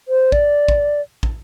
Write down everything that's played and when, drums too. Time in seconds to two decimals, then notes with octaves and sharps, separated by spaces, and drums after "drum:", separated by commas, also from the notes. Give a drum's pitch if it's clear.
0.08 C5
0.32 D5, drum: kick
0.68 drum: kick
1.23 drum: kick